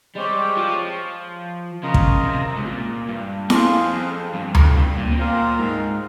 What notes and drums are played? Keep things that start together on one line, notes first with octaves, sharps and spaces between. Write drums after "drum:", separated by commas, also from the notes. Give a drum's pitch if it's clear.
G3 G#3 C4 G4 C#5
F3
C#3 F4 A#4 D#5
drum: kick
C3
G#2
A#2
G2
F2 F4 G#4 C5 F5, drum: snare E4
F2
G2
F2, drum: tom D2
G2
A#2
C3
A#2 C4 F4 A#4 F5
G#2